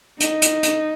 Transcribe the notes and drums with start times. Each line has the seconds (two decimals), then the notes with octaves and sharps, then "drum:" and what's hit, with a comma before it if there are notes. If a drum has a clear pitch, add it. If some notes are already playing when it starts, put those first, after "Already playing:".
0.20 D#4, drum: hi-hat
0.42 drum: hi-hat
0.63 drum: hi-hat